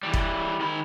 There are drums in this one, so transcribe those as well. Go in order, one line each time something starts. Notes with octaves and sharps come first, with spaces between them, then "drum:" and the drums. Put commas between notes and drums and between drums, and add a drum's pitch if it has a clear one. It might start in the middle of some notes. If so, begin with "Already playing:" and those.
E3 G3
drum: kick
D#3 B5